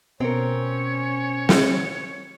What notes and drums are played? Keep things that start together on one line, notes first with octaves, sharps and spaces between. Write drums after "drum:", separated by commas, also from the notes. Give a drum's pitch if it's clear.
B2 C4 C#4 A#4 C#5
drum: snare